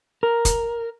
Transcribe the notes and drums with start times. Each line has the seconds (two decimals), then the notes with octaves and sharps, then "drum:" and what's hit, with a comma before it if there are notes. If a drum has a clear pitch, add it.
0.23 A#4
0.45 drum: kick, hi-hat